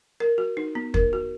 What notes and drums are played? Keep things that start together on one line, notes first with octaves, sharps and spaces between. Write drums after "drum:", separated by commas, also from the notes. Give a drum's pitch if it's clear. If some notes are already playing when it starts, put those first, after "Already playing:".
A#4
F#4
D#4
B3
A#4, drum: kick
F#4